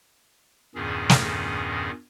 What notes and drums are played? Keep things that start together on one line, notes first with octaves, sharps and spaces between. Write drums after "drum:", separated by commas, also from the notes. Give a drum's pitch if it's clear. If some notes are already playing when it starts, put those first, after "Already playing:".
E2 G2 A#2 D#3 C#4 G#4
drum: snare